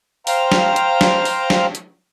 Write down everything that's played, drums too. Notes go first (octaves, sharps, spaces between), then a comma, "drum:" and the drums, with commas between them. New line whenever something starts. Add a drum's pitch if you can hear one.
C5 F5 G5 A#5, drum: open hi-hat
drum: snare
drum: hi-hat
drum: snare
drum: open hi-hat
drum: snare
drum: hi-hat